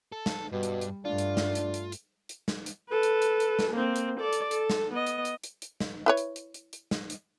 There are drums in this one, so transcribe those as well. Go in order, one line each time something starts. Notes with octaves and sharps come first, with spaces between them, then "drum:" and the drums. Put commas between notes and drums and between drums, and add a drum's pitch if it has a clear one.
A4
drum: snare
G2 B2 G3
drum: hi-hat
drum: hi-hat
G2 A3 D4 F4
drum: hi-hat
drum: snare
drum: hi-hat
drum: hi-hat
drum: hi-hat
drum: hi-hat
drum: snare
drum: hi-hat
A4 B4
drum: hi-hat
drum: hi-hat
drum: hi-hat
drum: snare
A#3 C4
drum: hi-hat
A4 D5
drum: hi-hat
A4, drum: hi-hat
drum: snare
B3 D#5
drum: hi-hat
drum: hi-hat
drum: hi-hat
drum: hi-hat
drum: snare
E4 B4 C#5
drum: hi-hat
drum: hi-hat
drum: hi-hat
drum: hi-hat
drum: snare
drum: hi-hat